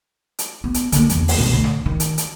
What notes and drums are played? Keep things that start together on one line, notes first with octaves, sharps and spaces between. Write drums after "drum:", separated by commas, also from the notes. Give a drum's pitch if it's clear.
drum: hi-hat
B3
drum: hi-hat
D3 A#3, drum: hi-hat
E2 B3, drum: hi-hat
drum: open hi-hat
G2 B2
D2
drum: snare
D#3
drum: hi-hat
drum: hi-hat